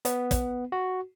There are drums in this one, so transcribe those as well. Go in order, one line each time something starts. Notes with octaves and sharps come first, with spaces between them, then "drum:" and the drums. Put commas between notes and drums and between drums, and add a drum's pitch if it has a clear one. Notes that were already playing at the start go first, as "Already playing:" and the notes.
B3, drum: hi-hat
drum: kick, hi-hat
F#4